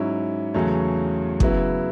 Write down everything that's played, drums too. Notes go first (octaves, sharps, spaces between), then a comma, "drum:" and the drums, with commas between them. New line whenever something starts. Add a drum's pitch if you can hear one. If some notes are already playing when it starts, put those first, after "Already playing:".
Already playing: G#2 F#3 C#4 E4
E2 C#3 F#3 A3 C#4
C#3 F#3 B3 E4, drum: kick